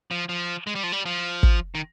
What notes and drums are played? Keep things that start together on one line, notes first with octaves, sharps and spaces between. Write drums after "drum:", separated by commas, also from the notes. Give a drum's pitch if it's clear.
F3
F3
G#3
G3
F3
G3
F3
drum: kick
D#3